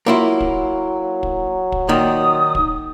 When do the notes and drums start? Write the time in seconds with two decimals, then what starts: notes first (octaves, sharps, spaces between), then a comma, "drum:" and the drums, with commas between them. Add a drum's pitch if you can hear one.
0.06 F#3 A#3 E4 F4
0.40 drum: kick
1.23 drum: kick
1.72 drum: kick
1.89 A#2 D#3 D#6
2.55 drum: kick